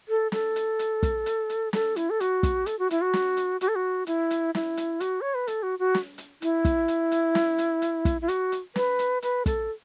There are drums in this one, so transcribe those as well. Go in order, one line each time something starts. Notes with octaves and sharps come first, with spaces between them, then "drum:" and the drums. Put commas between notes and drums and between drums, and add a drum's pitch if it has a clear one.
A4
A4, drum: snare
drum: hi-hat
drum: hi-hat
drum: kick, hi-hat
drum: hi-hat
drum: hi-hat
A4, drum: snare
E4, drum: hi-hat
A4
F#4, drum: hi-hat
drum: kick, hi-hat
A4, drum: hi-hat
F#4
E4, drum: hi-hat
F#4
drum: snare
drum: hi-hat
F#4, drum: hi-hat
A4
F#4
E4, drum: hi-hat
drum: hi-hat
E4, drum: snare
drum: hi-hat
F#4, drum: hi-hat
C#5
B4
A4, drum: hi-hat
F#4
F#4
drum: snare
drum: hi-hat
E4, drum: hi-hat
drum: kick, hi-hat
drum: hi-hat
drum: hi-hat
drum: snare
drum: hi-hat
drum: hi-hat
drum: kick, hi-hat
E4
F#4, drum: hi-hat
drum: hi-hat
B4, drum: snare
drum: hi-hat
B4, drum: hi-hat
A4, drum: kick, hi-hat